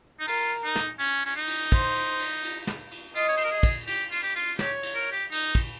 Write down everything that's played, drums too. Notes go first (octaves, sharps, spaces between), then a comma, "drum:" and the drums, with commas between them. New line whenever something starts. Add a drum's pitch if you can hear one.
D#4
F4 A#4, drum: cymbal
D#4
drum: snare
C#4, drum: cymbal
C#4, drum: cymbal
D#4
drum: cymbal
C5, drum: kick, cymbal
drum: cymbal
drum: cymbal
drum: cymbal
drum: snare
drum: cymbal
F4 D#5, drum: cymbal
C#5
C5, drum: cymbal
A#4
G#4
drum: kick, cymbal
G4, drum: cymbal
F4, drum: cymbal
G4
F4, drum: cymbal
G4 C#5, drum: snare
drum: cymbal
A#4
G4
D#4, drum: cymbal
drum: kick, cymbal